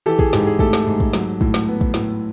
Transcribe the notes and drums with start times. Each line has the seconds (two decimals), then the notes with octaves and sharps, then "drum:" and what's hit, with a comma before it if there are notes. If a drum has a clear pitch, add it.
0.06 E3 G4 A4
0.19 G#4, drum: kick
0.33 G#2 G4, drum: snare
0.47 G#4
0.59 A3 G4 A4, drum: kick
0.73 drum: snare
0.86 G#2
1.00 drum: kick
1.13 F#3, drum: snare
1.41 A2, drum: kick
1.54 drum: snare
1.68 B3
1.81 drum: kick
1.94 A2, drum: snare